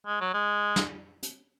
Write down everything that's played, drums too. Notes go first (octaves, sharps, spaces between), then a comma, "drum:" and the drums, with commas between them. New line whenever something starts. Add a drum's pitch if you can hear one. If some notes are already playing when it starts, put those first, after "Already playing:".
G#3
F#3
G#3
drum: snare
drum: hi-hat